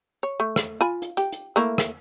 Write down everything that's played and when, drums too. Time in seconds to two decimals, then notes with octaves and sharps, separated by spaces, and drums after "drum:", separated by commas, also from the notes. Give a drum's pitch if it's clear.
0.23 C#5
0.40 A3
0.56 drum: rim click
0.81 F4 G#5 B5
1.02 drum: hi-hat
1.17 G4, drum: hi-hat
1.32 drum: hi-hat
1.56 A3 A#3 E4
1.78 drum: rim click